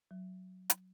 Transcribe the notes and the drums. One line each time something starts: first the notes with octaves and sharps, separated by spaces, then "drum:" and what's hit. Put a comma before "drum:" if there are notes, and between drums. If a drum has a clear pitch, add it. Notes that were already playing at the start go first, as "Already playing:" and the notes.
F#3
drum: hi-hat